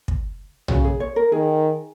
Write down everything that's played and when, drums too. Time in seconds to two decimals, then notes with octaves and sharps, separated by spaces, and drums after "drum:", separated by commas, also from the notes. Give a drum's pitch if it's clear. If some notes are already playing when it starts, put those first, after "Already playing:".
0.08 drum: kick
0.68 C#3 F#4, drum: tom B1
0.84 G#4
1.00 C#5
1.16 A#4
1.32 D#3 G#4